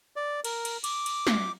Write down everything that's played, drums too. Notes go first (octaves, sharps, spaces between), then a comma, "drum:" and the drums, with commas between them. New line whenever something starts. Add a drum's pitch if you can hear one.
D5
A#4, drum: cymbal
drum: cymbal
D6, drum: cymbal
drum: cymbal
drum: snare